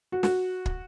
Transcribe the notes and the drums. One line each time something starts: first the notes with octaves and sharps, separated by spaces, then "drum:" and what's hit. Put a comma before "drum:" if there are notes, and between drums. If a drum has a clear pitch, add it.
F#4
F#4, drum: snare
drum: kick